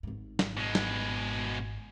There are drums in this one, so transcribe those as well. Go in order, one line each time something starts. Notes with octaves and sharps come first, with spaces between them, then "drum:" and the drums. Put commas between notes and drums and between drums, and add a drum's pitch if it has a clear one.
G#1 G#2
drum: snare
B2 G#3
drum: snare